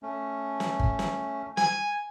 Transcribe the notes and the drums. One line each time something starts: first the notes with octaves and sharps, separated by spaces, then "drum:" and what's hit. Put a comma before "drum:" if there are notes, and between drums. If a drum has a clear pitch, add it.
A3 C#4
drum: snare
drum: kick G1
drum: snare
G#5, drum: snare